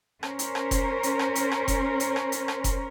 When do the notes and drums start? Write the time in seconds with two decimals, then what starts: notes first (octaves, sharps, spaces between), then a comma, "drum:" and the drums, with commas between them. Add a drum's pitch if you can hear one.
0.23 C#4 A#4 C5, drum: rim click
0.39 drum: hi-hat
0.55 drum: rim click
0.71 drum: kick F1, hi-hat
1.03 drum: hi-hat
1.19 drum: rim click
1.35 drum: hi-hat
1.52 drum: rim click
1.68 drum: kick F1, hi-hat
2.00 drum: hi-hat
2.16 drum: rim click
2.32 drum: hi-hat
2.48 drum: rim click
2.64 drum: kick F1, hi-hat